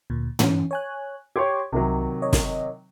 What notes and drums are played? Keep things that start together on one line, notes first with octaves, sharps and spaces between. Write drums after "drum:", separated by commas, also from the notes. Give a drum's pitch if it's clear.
D2 A#2
E3 C#4, drum: tom
C#5 G#5 F#6
G4 C#5 C6 D6 G#6
C2 C3 D#3 F#3
C#5 D#5
drum: snare